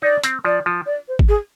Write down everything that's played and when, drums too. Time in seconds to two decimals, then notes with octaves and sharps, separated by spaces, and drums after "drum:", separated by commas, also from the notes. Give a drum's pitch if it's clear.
0.02 D#4 D5
0.24 C4, drum: hi-hat
0.45 F3 D5
0.66 F3
0.86 D5
1.08 C5
1.19 drum: kick
1.29 G#4